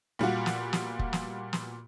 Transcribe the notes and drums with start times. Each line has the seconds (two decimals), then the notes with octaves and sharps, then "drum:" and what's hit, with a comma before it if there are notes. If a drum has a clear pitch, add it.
0.19 A#2 G3 F4 F#4
0.46 drum: snare
0.73 drum: snare
0.99 drum: kick
1.13 drum: snare
1.53 drum: snare